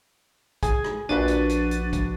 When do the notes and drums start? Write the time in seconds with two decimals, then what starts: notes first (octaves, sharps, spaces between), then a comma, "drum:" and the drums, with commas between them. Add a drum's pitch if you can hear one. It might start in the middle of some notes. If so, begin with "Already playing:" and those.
0.63 G#4 G#5, drum: kick, hi-hat
0.84 drum: rim click
1.09 A#1 D4 F#4 B4 A6 D#7
1.28 drum: hi-hat
1.49 drum: hi-hat
1.71 drum: hi-hat
1.93 drum: kick, hi-hat